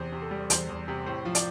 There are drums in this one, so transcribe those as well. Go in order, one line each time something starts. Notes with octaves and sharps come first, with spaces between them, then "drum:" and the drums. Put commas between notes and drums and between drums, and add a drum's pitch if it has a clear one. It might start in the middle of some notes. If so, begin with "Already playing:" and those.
Already playing: E2 C3 C5
C3
A4
G3
E2 C5, drum: hi-hat
E2
C3
A2 C5
F3
D5, drum: hi-hat